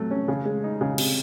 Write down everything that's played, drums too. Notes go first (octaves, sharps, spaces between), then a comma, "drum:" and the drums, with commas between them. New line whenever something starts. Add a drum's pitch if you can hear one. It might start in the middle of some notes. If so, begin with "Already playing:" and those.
Already playing: C3 F#3 A3
C#4
C#3
G#3
D#4
C#3
C3, drum: cymbal